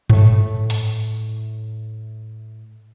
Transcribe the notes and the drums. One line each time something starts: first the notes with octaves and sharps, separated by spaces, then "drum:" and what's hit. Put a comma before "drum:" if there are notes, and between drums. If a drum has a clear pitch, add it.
A2 A3, drum: tom G2
drum: hi-hat